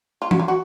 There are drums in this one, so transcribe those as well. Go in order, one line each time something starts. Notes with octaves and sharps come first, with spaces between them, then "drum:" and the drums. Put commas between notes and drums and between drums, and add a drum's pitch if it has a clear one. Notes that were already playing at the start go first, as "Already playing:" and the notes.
F4
F#4, drum: tom E3
F4
F#4